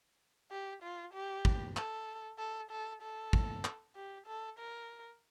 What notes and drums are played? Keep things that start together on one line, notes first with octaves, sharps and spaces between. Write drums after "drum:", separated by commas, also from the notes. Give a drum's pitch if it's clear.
G4
F4
G4
drum: kick
A4, drum: clap
A4
A4
A4
drum: kick
drum: clap
G4
A4
A#4